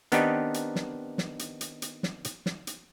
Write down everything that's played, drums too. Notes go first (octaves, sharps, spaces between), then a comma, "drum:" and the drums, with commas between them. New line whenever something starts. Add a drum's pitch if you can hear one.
D#3 B3 C4 D4 D#4 G4, drum: hi-hat
drum: hi-hat
drum: snare
drum: snare
drum: hi-hat
drum: hi-hat
drum: hi-hat
drum: snare
drum: hi-hat
drum: snare
drum: hi-hat